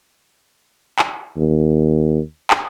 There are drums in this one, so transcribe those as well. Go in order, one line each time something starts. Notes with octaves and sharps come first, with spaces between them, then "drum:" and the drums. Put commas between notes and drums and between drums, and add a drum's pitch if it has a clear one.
drum: clap
D#2
drum: clap